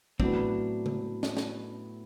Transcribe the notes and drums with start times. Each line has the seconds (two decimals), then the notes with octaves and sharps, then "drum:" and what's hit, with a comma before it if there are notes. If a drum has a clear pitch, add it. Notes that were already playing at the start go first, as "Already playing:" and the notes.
0.20 A2 F#3 B3 C4 D4, drum: kick
0.86 drum: tom
1.23 drum: snare
1.37 drum: snare